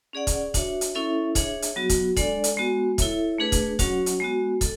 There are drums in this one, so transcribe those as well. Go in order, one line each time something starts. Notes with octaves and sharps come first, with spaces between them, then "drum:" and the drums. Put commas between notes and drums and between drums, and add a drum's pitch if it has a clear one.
C#4 G#4 D5 F#5
drum: kick, hi-hat
D4 F#4 C#5 E5, drum: kick, hi-hat
drum: hi-hat
C#4 E4 A4 C#5 E5
D4 G#4 C#5 E5, drum: kick, hi-hat
drum: hi-hat
F#3 B3 F#4
drum: kick, hi-hat
G#3 D4 A4 D5, drum: kick, hi-hat
drum: hi-hat
G#3 B3 F#4
E4 A4 C#5 E5, drum: kick, hi-hat
A3 D4 G#4 B4
drum: kick, hi-hat
F#3 C#4 F#4 C#5 F#5, drum: kick, hi-hat
drum: hi-hat
G#3 B3 F#4
A4, drum: kick, hi-hat